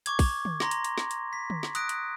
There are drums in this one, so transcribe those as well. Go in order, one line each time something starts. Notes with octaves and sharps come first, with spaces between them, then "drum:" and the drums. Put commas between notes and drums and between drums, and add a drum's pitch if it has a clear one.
C#6 D6 G#6, drum: hi-hat
drum: kick, open hi-hat
drum: tom
A#5 C6 A#6, drum: snare
drum: hi-hat
drum: hi-hat
drum: snare
drum: hi-hat
B6
drum: tom
drum: snare
D#6 F#6 A#6 D7, drum: hi-hat
drum: hi-hat